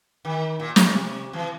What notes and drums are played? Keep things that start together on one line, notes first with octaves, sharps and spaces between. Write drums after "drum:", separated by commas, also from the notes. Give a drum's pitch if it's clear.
D#3
A#2
D5, drum: snare
C3
E3